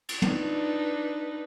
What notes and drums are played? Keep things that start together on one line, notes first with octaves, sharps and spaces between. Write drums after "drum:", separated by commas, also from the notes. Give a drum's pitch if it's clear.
drum: cymbal
D4 D#4 B4, drum: tom